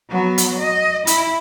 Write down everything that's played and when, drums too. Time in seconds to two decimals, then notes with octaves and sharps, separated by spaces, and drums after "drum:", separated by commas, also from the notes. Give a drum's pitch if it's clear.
0.10 F#3 B3
0.38 drum: hi-hat
0.60 D#5
1.07 E4, drum: hi-hat